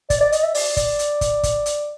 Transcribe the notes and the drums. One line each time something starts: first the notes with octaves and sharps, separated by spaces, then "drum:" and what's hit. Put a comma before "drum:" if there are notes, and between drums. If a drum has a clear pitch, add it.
D5, drum: kick, hi-hat
D5
D#5, drum: hi-hat
E5
D5, drum: open hi-hat
D5, drum: kick, hi-hat
drum: hi-hat
drum: kick, hi-hat
drum: kick, hi-hat
drum: hi-hat